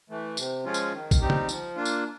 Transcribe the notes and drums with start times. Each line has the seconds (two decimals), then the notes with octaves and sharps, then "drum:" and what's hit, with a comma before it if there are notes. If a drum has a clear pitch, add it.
0.10 E3 A3
0.37 C3, drum: tambourine
0.65 F3 G#3 C#4 F4
0.74 drum: tambourine
0.92 D#3
1.11 drum: kick A#1, tambourine
1.21 G3 C4 D#4 G4
1.30 drum: tom
1.49 F3, drum: tambourine
1.76 A#3 D4 F4
1.85 drum: tambourine